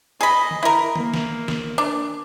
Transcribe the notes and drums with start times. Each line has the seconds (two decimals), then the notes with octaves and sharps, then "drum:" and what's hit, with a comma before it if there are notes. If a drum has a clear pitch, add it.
0.21 G#4 D#5 B5
0.51 drum: tom D3
0.63 E4 A#4
0.96 A#3, drum: tom D3
1.14 drum: snare
1.48 drum: snare
1.78 D4